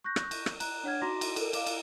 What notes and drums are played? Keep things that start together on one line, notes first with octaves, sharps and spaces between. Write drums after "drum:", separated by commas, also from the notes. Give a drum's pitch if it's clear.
C#6 F#6 G6 A#6
drum: rim click
drum: cymbal
drum: rim click
A#5 F#6, drum: cymbal
D4 C#5 F#5 F6 G#6
D#4 F#4 A#5 C6 D6 A#6
drum: cymbal
A4 A#4, drum: cymbal
F5 D6 E7, drum: cymbal
drum: cymbal